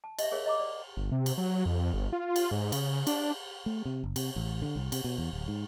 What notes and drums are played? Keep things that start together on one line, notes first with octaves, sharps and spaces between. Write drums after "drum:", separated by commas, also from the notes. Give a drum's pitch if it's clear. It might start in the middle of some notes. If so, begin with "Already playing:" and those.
A5
D#5 E5, drum: cymbal
G#4 A#4 C#5 F5
D#5 A#5 D6
D5
G1
C3
drum: cymbal
F#3
F2
G1
F4
drum: cymbal
G#2
C#3, drum: cymbal
D4, drum: cymbal
A3
C3
F#1
C3, drum: cymbal
A1
D3
C2
C3, drum: cymbal
B2
E2
D1
G#2